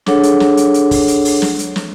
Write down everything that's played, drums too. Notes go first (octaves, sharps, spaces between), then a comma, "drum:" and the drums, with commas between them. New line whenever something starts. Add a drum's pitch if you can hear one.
D4 G#4 A4 C#5 F#5, drum: snare
drum: hi-hat
drum: snare
drum: hi-hat
drum: hi-hat
drum: kick, open hi-hat
drum: hi-hat
drum: open hi-hat
drum: snare
drum: hi-hat
drum: snare